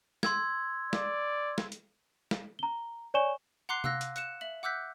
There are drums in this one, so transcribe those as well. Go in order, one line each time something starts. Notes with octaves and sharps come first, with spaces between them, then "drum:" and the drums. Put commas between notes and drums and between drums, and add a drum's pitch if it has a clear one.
C6 E6 G#6, drum: snare
D5, drum: snare
drum: snare
drum: hi-hat
drum: snare
A#5 G7
C#5 D5 G#5 C#6 E7 G7
F#5 A#5 C6 D6 F#6 C7
F5 E6 F#6 A#6, drum: tom C3
drum: hi-hat
F#6 C#7 E7, drum: hi-hat
E5 F#7
F#5 D6 E6 F#6 G6 B6